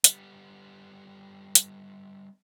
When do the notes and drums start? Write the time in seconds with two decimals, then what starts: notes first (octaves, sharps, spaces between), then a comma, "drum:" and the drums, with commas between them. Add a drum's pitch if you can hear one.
0.04 G3 B3, drum: hi-hat
1.55 drum: hi-hat